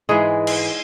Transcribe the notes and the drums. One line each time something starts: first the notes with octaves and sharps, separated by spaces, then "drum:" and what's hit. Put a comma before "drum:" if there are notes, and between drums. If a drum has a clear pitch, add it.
G#2 E3 G#3 G#4
drum: cymbal